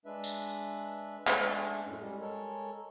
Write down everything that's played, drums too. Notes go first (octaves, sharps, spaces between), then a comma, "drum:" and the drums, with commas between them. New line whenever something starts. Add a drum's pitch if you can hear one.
G#3 D4 B4 E5
drum: tambourine
G#3 A3 D4, drum: clap
F#2 A2 C#4
G3 G#3
G#3 A4 A#4 C#5